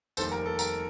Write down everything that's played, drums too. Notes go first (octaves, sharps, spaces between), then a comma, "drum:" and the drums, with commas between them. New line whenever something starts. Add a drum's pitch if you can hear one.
F1 D#2 D#3 G3 A4 C5, drum: tambourine
A#4
A4
A#4, drum: tambourine